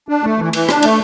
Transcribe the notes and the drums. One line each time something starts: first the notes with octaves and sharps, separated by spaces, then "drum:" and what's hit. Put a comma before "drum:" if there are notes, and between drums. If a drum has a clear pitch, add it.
D4
A3
E3
E3, drum: cymbal
D4, drum: rim click
A3, drum: cymbal